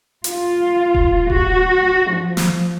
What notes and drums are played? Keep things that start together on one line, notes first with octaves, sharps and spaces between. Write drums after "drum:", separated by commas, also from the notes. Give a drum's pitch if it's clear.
F4, drum: hi-hat
drum: kick D#1
F#4, drum: kick D#1
F3
drum: snare